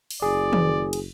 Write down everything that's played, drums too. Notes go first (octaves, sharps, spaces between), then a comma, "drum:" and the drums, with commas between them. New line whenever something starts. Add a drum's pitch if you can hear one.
drum: open hi-hat
F#1 G#4 D5
drum: tom D#3
drum: cymbal